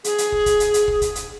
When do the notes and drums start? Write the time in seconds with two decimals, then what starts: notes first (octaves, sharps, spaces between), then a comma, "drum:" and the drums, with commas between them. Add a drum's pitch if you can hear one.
0.04 G#4, drum: hi-hat
0.18 drum: hi-hat
0.32 drum: kick
0.46 drum: kick, hi-hat
0.60 drum: hi-hat
0.74 drum: hi-hat
0.88 drum: kick
1.02 drum: kick, hi-hat
1.15 drum: hi-hat